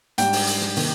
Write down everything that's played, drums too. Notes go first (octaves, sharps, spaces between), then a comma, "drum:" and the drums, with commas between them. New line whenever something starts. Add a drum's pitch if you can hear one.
G#2 G3 D4 G5, drum: hi-hat
drum: open hi-hat
drum: hi-hat
drum: snare
C3 D#3 A#3, drum: open hi-hat